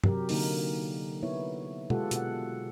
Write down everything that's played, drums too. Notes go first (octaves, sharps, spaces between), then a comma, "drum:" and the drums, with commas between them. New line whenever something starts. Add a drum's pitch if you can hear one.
C3 F#3 G4 A#4, drum: tom
D3 A#3 D#4 A#4, drum: open hi-hat
B3 E4 C#5
G#3 F4 G4 A4 F#5, drum: tom
B2 F#5, drum: hi-hat